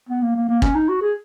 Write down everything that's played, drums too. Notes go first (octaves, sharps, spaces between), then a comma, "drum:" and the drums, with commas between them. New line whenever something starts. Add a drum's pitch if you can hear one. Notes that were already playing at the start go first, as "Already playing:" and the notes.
B3
A#3
A#3
A#3
C#4, drum: kick
D#4
F#4
G#4